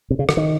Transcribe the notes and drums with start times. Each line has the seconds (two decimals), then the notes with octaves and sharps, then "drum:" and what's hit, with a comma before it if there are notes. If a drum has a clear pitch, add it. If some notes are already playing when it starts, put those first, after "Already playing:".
0.11 C3
0.19 C#3
0.29 D3, drum: rim click
0.37 D#3